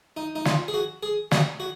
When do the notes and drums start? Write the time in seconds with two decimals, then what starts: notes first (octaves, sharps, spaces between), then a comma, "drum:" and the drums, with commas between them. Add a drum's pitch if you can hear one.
0.17 D#4
0.36 D#4
0.45 F4, drum: snare
0.68 G#4
0.74 F#4
1.03 G#4
1.31 F#4, drum: snare
1.60 F#4